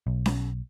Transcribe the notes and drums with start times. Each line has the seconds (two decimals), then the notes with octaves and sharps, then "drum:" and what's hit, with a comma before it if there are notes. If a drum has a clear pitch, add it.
0.07 B1
0.26 drum: snare C#4